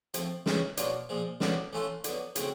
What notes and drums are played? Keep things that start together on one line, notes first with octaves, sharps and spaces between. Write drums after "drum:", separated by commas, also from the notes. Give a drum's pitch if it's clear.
F3 A3 C4, drum: hi-hat
C#3 E3 A3 C#4 E4, drum: snare
B2 F#3 A#3 D4 F4, drum: hi-hat
A#2 F3 G#3
D3 F#3 B3 D4 F4, drum: snare
E3 A3 C#4 F4 A4
D3 F#3 B3, drum: hi-hat
C#3 F#3 A3 C4, drum: hi-hat